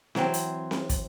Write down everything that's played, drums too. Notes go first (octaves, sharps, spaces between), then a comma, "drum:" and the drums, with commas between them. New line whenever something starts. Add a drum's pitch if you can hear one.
E3 F#3 C4, drum: snare C4
drum: hi-hat
drum: snare C4
drum: kick, hi-hat